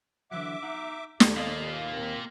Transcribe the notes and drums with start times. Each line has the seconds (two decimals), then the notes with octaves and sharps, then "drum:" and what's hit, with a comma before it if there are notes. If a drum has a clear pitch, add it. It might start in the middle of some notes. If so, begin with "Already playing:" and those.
0.31 D3 E3 F#3 E5 F#5 D6
0.63 D#4 F#5
1.20 D#2 G4 A4 D5, drum: snare
1.37 A#3 F4 D#5
1.93 C4 A#4